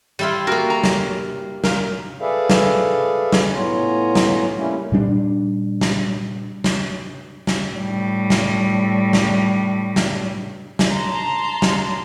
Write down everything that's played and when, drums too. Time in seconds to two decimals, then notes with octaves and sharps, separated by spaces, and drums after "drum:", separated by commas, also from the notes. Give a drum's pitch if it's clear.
0.19 G3 E4 F4
0.47 A#3 F#4 A#4
0.70 A#5
0.84 drum: snare
1.64 A#2 A#4, drum: snare
2.21 G#4 A4 B4 D5 E5 F5
2.50 drum: snare
3.32 drum: snare
3.52 A2 B3 F4 C#5 G#5 A#5
4.15 drum: snare
4.57 G3 A3 A#3 C#4 E4
4.92 A#2 G3 D4
5.81 drum: snare
6.64 drum: snare
7.47 drum: snare
7.73 A2 G3
8.30 drum: snare
9.13 drum: snare
9.96 drum: snare
10.79 drum: snare
10.91 A5 A#5 C6
11.62 drum: snare